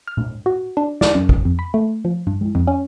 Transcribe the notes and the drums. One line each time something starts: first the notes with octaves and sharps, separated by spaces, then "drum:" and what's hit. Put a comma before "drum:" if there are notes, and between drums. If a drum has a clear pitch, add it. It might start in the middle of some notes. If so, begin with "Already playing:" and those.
F6
drum: tom A#2
F#4
D4
D5, drum: snare
F#2
drum: kick
F2
B5
A3
F3
G2
drum: tom G#3
F2
C#4